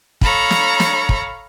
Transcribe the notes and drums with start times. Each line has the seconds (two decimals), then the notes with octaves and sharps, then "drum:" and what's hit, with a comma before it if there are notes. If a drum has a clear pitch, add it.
0.21 A4 C#5 F5 A#5 B5, drum: kick
0.51 drum: snare
0.80 drum: snare
1.09 drum: kick